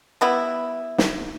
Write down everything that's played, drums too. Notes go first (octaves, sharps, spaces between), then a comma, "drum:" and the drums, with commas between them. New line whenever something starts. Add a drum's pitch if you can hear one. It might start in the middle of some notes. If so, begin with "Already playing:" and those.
G3 B3 E4
drum: snare